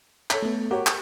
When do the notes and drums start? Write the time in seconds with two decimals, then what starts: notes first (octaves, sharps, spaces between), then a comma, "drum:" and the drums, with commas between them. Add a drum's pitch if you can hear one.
0.30 A4 C#5 B6, drum: clap
0.42 A3 B3
0.71 F#4 G4 A#4 C#5
0.87 C#6, drum: clap